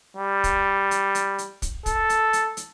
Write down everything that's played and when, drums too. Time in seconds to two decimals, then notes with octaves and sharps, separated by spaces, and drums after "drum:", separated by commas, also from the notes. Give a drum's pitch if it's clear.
0.17 G3
0.44 drum: kick, hi-hat
0.91 drum: hi-hat
1.15 drum: hi-hat
1.38 drum: hi-hat
1.62 drum: kick, hi-hat
1.86 A4, drum: kick, hi-hat
2.09 drum: hi-hat
2.33 drum: hi-hat
2.57 drum: hi-hat